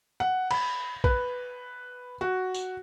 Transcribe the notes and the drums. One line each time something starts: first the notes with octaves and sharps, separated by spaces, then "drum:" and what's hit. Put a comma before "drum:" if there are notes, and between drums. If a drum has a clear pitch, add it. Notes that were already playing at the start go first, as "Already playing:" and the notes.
F#5
B5, drum: cymbal
B4, drum: kick A#1
F#4
drum: tambourine